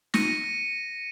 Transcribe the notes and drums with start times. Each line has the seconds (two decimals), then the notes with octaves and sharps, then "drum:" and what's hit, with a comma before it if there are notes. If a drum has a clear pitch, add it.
0.14 A#6 C#7 D#7, drum: snare